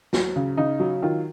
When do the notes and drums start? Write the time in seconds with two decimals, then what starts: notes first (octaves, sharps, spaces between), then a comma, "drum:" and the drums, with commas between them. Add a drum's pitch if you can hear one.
0.13 F#3, drum: snare
0.36 C#3
0.57 C#3 D#4
0.80 F#3
1.02 D#3 F4